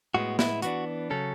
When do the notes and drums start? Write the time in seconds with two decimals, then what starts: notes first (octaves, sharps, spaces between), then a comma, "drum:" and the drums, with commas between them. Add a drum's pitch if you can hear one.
0.15 A2 G#3 B3 F#4
0.39 E4, drum: snare
0.62 E3 B3 D4 F#4, drum: hi-hat
1.10 C#3 F#3 C#4 A4